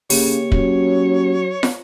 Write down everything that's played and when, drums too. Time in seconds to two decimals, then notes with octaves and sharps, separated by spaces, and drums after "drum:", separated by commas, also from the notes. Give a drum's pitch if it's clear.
0.10 C#3 A#3 G4 C#5, drum: open hi-hat
0.52 F#3 C#4, drum: kick
1.63 drum: snare